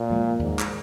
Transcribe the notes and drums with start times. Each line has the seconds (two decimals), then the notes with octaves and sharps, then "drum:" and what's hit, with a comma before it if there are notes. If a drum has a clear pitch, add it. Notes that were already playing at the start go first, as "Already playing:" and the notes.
Already playing: A#2
0.10 G#2 F3 G#3
0.39 D#2 G#2
0.59 drum: clap